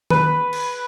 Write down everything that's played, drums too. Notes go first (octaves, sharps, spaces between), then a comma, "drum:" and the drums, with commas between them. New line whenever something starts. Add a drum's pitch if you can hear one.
B4, drum: tom D#3
drum: cymbal